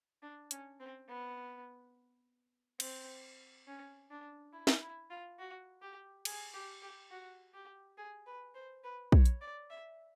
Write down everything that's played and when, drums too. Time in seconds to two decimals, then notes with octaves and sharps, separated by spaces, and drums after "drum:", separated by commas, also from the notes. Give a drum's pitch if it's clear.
0.22 D4
0.51 C#4, drum: hi-hat
0.80 C4
1.08 B3
2.80 C4, drum: cymbal
3.67 C#4
4.10 D4
4.53 E4
4.67 drum: snare
4.81 E4
5.10 F4
5.39 F#4
5.82 G4
6.25 G#4, drum: cymbal
6.53 G4
6.82 G4
7.11 F#4
7.54 G4
7.97 G#4
8.26 B4
8.54 C5
8.84 B4
9.12 C#5, drum: kick
9.26 drum: hi-hat
9.41 D5
9.70 E5